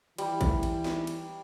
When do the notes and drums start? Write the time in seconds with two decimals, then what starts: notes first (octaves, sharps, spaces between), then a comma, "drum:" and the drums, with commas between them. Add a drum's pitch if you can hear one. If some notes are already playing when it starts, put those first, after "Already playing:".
0.18 E3 G3, drum: cymbal
0.41 drum: kick, cymbal
0.63 drum: cymbal
0.85 drum: snare
1.07 drum: cymbal